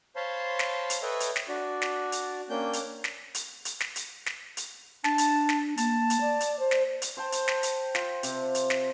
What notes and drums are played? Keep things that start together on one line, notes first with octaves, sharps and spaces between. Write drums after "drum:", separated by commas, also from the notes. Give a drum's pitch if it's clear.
C5 C#5 F5 A5 B5 C6
drum: snare
drum: hi-hat
A4 B4 C#5 D#5 E5 G5
drum: hi-hat
drum: snare
D4 F#4 D5
drum: snare
drum: hi-hat
A#3 C#4 D4 G5 G6
drum: hi-hat
drum: snare
drum: hi-hat
drum: hi-hat
drum: snare
drum: hi-hat
drum: snare
drum: hi-hat
D4 A5, drum: snare
drum: hi-hat
drum: snare
A#3 A5, drum: hi-hat
drum: hi-hat
D5
drum: hi-hat
C5
drum: snare
drum: hi-hat
C5 G5 A5
drum: hi-hat
drum: snare
drum: hi-hat
F4, drum: snare
C3, drum: hi-hat
drum: hi-hat
drum: snare